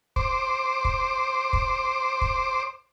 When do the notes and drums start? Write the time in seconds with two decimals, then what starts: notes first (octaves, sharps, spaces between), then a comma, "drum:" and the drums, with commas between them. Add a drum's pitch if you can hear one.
0.16 C5 D6, drum: kick
0.85 drum: kick
1.53 drum: kick
2.21 drum: kick